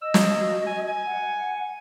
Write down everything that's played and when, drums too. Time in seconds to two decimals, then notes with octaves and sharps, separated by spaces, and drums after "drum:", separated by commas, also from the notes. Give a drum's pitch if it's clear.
0.02 D#5 E6
0.14 drum: snare
0.41 F#4
0.67 G#5
0.87 G#5
1.06 F#5